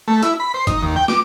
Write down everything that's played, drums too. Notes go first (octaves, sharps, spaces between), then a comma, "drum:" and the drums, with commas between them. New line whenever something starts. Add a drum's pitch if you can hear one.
A3
E4, drum: hi-hat
B5
C5
D#4, drum: kick, hi-hat
D#2
G5
D6, drum: snare